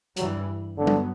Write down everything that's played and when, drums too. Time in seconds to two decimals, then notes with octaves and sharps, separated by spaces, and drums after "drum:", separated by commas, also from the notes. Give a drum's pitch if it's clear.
0.17 G2 E3 F#3 G3, drum: hi-hat
0.77 G2 D3 F#3 B3
0.87 drum: tom G3